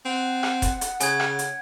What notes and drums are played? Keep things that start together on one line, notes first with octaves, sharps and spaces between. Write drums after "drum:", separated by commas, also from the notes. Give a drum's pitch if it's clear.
C4 F#5
drum: rim click
drum: kick D#1, hi-hat
drum: hi-hat
C#3 G#5 G#6, drum: hi-hat
drum: rim click
drum: hi-hat